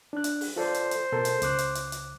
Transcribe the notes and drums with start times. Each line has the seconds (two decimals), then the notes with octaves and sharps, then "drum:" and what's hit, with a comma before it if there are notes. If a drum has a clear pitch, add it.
0.13 D4 F#6
0.24 drum: hi-hat
0.41 drum: open hi-hat
0.56 F4 A4 C5 D5
0.74 drum: hi-hat
0.91 drum: hi-hat
1.12 B2 A4 A#4
1.25 drum: hi-hat
1.42 C#2 D6 F#6, drum: hi-hat
1.58 drum: hi-hat
1.75 drum: hi-hat
1.92 drum: hi-hat